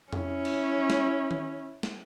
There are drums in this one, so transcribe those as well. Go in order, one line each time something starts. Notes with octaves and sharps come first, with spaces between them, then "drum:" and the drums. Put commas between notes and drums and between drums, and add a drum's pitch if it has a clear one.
C#4 E4, drum: tom F2
drum: cymbal
drum: snare
drum: tom D#3
drum: snare